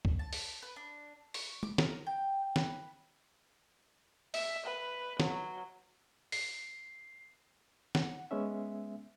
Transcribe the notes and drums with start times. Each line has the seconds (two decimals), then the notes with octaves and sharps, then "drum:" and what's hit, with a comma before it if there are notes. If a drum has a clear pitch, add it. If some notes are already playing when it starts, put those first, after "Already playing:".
0.05 drum: kick C2
0.19 A5
0.33 drum: open hi-hat
0.62 B4
0.76 D4
1.34 C#6, drum: open hi-hat
1.63 D6, drum: tom
1.78 A#4, drum: snare
2.07 G5
2.56 B4, drum: snare
4.34 E5, drum: open hi-hat
4.66 B4
5.20 F#3, drum: snare
6.32 C7, drum: open hi-hat
7.95 F#5, drum: snare
8.31 G#3 B3 C#4 E5